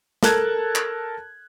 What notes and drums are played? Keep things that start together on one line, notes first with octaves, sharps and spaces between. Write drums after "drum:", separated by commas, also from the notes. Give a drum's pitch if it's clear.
A4 A#4 A5 F#6 G#6, drum: snare
drum: clap